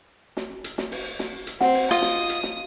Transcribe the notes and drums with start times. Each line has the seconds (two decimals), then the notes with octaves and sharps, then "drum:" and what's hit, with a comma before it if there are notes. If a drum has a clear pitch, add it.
0.37 drum: snare
0.64 drum: hi-hat
0.78 drum: snare
0.92 drum: open hi-hat
1.19 drum: snare
1.47 drum: hi-hat
1.61 C4 F#5, drum: snare
1.74 drum: open hi-hat
1.91 F4 D#5 D#6
2.02 drum: snare
2.29 drum: hi-hat
2.43 drum: snare